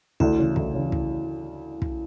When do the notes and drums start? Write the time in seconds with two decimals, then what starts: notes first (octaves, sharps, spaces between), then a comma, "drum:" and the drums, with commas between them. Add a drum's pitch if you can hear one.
0.20 D2 E4, drum: kick
0.38 C#3 E3
0.56 D2, drum: kick
0.74 C#3 E3
0.92 drum: kick
1.82 drum: kick